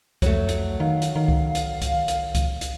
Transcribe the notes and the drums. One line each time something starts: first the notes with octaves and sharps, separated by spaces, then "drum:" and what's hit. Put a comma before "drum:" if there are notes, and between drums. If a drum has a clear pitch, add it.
F2 F#3 A3, drum: kick C#2, hi-hat
drum: hi-hat
D#3 F5
drum: hi-hat
D#3
drum: kick C#2
drum: hi-hat
drum: kick C#2, hi-hat
drum: hi-hat
drum: kick C#2, hi-hat
drum: hi-hat